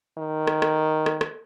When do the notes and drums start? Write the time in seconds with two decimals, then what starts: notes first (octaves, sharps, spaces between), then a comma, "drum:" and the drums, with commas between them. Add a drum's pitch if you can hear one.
0.18 D#3
0.47 drum: rim click
0.62 drum: rim click
1.06 drum: rim click
1.21 drum: rim click